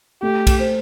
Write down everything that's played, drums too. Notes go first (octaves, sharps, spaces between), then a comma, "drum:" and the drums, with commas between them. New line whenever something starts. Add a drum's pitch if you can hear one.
A3 G4
drum: kick B1, cymbal
C5